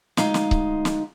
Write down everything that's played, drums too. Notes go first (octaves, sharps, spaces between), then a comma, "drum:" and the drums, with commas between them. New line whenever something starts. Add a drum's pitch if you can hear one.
D2 F#3 G#3 D#4 F5, drum: snare
drum: snare
drum: kick C#1
drum: snare